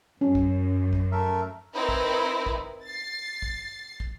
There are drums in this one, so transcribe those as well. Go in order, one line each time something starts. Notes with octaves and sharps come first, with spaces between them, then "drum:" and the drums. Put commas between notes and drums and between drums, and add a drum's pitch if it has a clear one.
F#2 C#4
drum: kick
drum: kick
A3 A#4 E5
C4 D#4 E4 A#4 B4
drum: kick
drum: kick
A6 C7
drum: kick
drum: kick